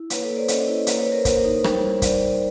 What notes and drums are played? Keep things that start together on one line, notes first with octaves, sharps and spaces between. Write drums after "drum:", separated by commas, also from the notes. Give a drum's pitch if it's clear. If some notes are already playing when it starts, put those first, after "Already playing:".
Already playing: E4
A#3 B4 C#5, drum: hi-hat
A4 B4
A#3
C5 D5
C#4 C#5 D#5, drum: hi-hat
E4
A#3 B4 C#5, drum: hi-hat
B4 C#5
A#3
A#4 C5
A#3 A#4 C5, drum: kick, hi-hat
D#4
G3, drum: rim click
G3
C5 D5, drum: kick, hi-hat